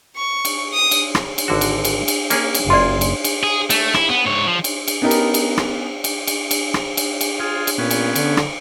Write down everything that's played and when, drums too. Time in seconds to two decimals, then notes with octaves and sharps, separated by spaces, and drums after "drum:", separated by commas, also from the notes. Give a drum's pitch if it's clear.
0.16 C#6
0.45 drum: cymbal
0.73 D#6
0.91 drum: cymbal
1.15 drum: rim click
1.38 drum: cymbal
1.48 G#1 D3 F#4
1.61 drum: cymbal
1.85 drum: cymbal
2.08 drum: cymbal
2.30 A#3 C#4 G#4, drum: cymbal
2.54 drum: cymbal
2.70 F#1 F4 G#4 D5 C6
3.01 drum: cymbal
3.24 drum: cymbal
3.43 G#4
3.70 A3, drum: cymbal
3.94 E4, drum: rim click
4.09 B3
4.26 G#2 C#5
4.47 F3
4.64 drum: cymbal
4.88 drum: cymbal
5.02 B3 C#4 D#4 G4 A#4
5.11 drum: cymbal
5.34 drum: cymbal
5.57 drum: rim click
6.04 drum: cymbal
6.27 drum: cymbal
6.51 drum: cymbal
6.74 drum: rim click
6.97 drum: cymbal
7.21 drum: cymbal
7.40 F4 G#4
7.67 drum: cymbal
7.78 A#2 B3 C#4
7.91 drum: cymbal
8.15 D3, drum: cymbal
8.37 drum: rim click